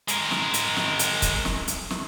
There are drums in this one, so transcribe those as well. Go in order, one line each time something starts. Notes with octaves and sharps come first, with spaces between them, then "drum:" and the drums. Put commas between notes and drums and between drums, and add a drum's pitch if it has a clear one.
G#3 A#4, drum: hi-hat
drum: snare
drum: hi-hat
drum: snare
drum: hi-hat
drum: kick, hi-hat
drum: snare
drum: hi-hat
drum: snare